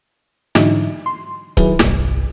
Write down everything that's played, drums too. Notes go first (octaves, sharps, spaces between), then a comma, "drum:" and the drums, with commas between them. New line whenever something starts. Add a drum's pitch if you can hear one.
G#2 D3 E3 F#3 D#4 E4, drum: snare
C6
D#3 F#3 E4 G#4 B4, drum: kick C#1
G1 C2, drum: snare